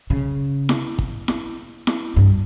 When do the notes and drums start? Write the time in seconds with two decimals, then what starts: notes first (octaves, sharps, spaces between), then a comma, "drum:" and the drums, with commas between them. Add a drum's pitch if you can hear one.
0.10 C#3
0.69 drum: snare E4
0.99 drum: kick
1.28 drum: snare E4
1.87 drum: snare E4
2.16 G2